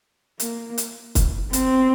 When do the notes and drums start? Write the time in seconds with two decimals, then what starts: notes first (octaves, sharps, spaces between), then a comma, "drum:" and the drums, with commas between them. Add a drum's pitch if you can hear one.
0.40 A#3, drum: hi-hat
0.78 drum: hi-hat
1.15 drum: kick, hi-hat
1.53 C4, drum: hi-hat